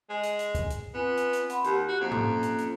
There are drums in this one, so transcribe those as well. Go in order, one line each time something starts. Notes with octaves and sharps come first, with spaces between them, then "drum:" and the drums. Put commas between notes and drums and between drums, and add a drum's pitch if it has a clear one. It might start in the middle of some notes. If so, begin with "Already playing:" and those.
G#3
drum: hi-hat
drum: hi-hat
drum: kick, hi-hat
drum: hi-hat
B3 C4 F4 G#5
drum: hi-hat
drum: hi-hat
F#5 B5 C6, drum: hi-hat
D#2 G4, drum: hi-hat
F#4
F2 A#3 C#4 A#5
drum: tom G#2
drum: hi-hat
drum: hi-hat